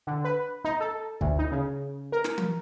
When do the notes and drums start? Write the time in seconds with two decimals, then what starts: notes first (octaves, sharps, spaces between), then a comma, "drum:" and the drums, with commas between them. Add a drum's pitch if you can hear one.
0.07 D3
0.25 B4
0.65 D#4
0.80 A4
1.21 D2, drum: kick
1.39 D#4
1.52 C#3
2.12 A#4
2.24 drum: snare
2.38 drum: tom E3